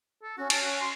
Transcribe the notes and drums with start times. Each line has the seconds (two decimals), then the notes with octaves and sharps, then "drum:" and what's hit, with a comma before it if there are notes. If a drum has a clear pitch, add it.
0.23 A4
0.38 C#4 F#4
0.50 C#4 A5, drum: cymbal
0.62 F#4
0.81 C6